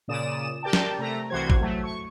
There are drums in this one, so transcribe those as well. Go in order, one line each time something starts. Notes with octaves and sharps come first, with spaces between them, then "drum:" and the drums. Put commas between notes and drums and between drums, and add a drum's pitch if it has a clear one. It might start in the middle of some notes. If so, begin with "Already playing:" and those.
A#2 C#3 D5 D#6 E7
G4 A#4 D5 G5 A5
drum: snare
C3 A3 A#5
C2 C3 E3 F#4 C5 G#6
drum: kick A1
F#3 A3
C#6